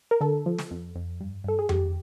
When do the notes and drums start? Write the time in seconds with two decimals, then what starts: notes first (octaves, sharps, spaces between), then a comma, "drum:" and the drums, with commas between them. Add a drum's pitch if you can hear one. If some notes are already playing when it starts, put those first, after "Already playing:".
0.11 A#4
0.21 D3 A4
0.46 F3
0.59 drum: snare
0.71 F2
0.95 F2
1.21 G2
1.44 G2 A4
1.59 G#4
1.69 G2 G4, drum: tom F2